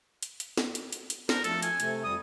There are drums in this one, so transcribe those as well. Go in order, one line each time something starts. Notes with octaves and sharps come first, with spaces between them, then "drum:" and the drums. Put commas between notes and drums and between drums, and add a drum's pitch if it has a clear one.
drum: hi-hat
drum: hi-hat
drum: snare
drum: hi-hat
drum: hi-hat
drum: hi-hat
D4 A#4 C5, drum: snare
F3 A3 A4, drum: hi-hat
G#5, drum: hi-hat
C3 A3, drum: hi-hat
F2 G3 D#6